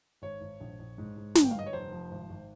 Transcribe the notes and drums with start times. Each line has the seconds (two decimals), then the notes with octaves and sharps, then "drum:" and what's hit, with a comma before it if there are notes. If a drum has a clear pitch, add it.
0.22 G#1 C#5
0.41 G#1
0.60 A#1
0.79 A#1
0.98 G#2
1.17 G#2
1.35 G1, drum: snare
1.43 G5
1.51 F5
1.55 G1 D#5
1.66 C#5
1.73 F1 C5
1.92 F3
2.11 G#1
2.30 G#1